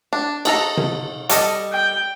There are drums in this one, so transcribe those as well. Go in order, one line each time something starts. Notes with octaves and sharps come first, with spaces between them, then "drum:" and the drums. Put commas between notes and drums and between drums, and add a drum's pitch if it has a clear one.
D4
D#4 A4 A#5, drum: cymbal
drum: tom C3
G3 A4 D#5, drum: hi-hat
G5